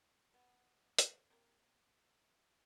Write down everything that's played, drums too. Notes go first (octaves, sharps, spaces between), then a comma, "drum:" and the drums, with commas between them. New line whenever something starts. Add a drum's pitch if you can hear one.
B3
drum: hi-hat
C3 A#3